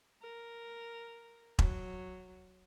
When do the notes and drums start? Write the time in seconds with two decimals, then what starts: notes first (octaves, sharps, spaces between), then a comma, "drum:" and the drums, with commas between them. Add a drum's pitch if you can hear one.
0.22 A#4
1.59 F#3, drum: kick E1